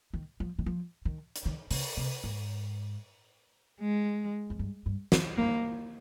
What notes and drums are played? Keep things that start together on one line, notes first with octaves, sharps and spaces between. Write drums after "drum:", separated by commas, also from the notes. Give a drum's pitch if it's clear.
D#3
F3
D#3
F3
D#3
drum: hi-hat
D#3
C#3, drum: open hi-hat
C3
G#2
G#3
F2
G2
G2
F2, drum: snare
G2 A#3